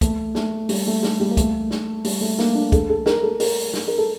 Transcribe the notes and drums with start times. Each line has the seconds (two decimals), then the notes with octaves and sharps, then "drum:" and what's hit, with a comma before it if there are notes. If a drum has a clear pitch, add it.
0.01 A3, drum: kick, hi-hat
0.35 A3, drum: snare
0.69 G3, drum: open hi-hat
0.87 A3
1.03 A3, drum: snare
1.20 G3
1.31 A#3
1.37 A3, drum: kick, hi-hat
1.71 drum: snare
2.04 G3, drum: open hi-hat
2.21 A3
2.39 A#3, drum: snare
2.55 D4
2.72 A4, drum: kick, hi-hat
2.89 A4
3.06 A#4, drum: snare
3.23 A4
3.40 A#4, drum: open hi-hat
3.74 drum: snare
3.87 A#4
3.98 A4